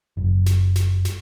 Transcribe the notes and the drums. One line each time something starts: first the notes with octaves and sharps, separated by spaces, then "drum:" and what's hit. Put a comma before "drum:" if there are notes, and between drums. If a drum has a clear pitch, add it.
F#1
drum: snare
drum: snare
drum: snare